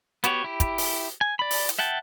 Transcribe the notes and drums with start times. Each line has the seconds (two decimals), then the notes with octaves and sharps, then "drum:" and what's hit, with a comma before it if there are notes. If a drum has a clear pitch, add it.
0.24 B3 F#4 G4 C#5, drum: hi-hat
0.44 E4 G4
0.60 drum: kick, hi-hat
0.78 drum: open hi-hat
1.21 G#5
1.39 D5 B5
1.51 drum: open hi-hat
1.69 drum: hi-hat
1.79 E5 F#5 G5 A5